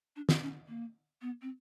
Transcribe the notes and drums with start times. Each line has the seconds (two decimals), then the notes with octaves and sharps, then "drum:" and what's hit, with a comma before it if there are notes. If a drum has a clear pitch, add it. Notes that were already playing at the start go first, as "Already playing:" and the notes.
0.16 D4
0.29 C#4, drum: snare
0.42 C#4
0.68 A#3
1.21 B3
1.42 C4